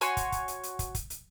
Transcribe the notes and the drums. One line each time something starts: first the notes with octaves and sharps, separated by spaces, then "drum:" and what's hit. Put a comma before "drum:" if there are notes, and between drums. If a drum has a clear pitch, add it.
F#4 C#5 G#5 C6, drum: hi-hat
drum: kick, hi-hat
drum: kick, hi-hat
drum: hi-hat
drum: hi-hat
drum: kick, hi-hat
drum: kick, hi-hat
drum: hi-hat